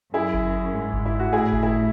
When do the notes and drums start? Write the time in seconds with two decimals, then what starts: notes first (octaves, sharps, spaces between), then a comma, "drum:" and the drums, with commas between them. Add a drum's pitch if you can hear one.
0.14 F#2 E4 G#4
0.34 drum: kick G1
0.73 G#2
0.93 drum: kick G1
1.05 E4
1.19 F#4
1.33 A2 E4 G#4
1.53 drum: kick G1
1.63 E4 G#4